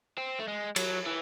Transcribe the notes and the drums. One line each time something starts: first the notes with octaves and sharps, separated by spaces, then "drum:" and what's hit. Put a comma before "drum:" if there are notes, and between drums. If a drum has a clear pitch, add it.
C4
A3
G#3
F#3, drum: cymbal
E3